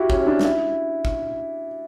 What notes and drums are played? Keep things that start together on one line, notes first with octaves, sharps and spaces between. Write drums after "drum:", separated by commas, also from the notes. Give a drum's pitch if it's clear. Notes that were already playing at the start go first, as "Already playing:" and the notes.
Already playing: E4 F#4 G4
C#4, drum: kick
C#4
D4
D4, drum: snare
E4
drum: kick